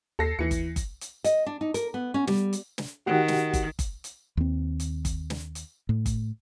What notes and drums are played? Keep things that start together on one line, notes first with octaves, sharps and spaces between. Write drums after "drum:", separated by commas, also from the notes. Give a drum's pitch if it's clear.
D#2 A4 A#6 C7
D#2 E3 C#7
drum: kick G1, hi-hat
drum: kick G1, hi-hat
drum: hi-hat
D#5, drum: hi-hat
D4
D#4
A#4, drum: hi-hat
B3
C#4
G3, drum: snare
drum: hi-hat
drum: snare
D#3 F#4 G4 F#5
drum: snare
drum: kick G1, hi-hat
drum: kick G1, hi-hat
drum: hi-hat
D#2 C4
drum: hi-hat
drum: kick G1, hi-hat
drum: snare
drum: hi-hat
A2
drum: kick G1, hi-hat